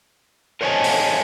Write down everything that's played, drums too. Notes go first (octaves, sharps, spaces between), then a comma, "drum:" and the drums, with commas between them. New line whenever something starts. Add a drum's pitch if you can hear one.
A#4 C5 C#5 D#5 G#5 A5
drum: open hi-hat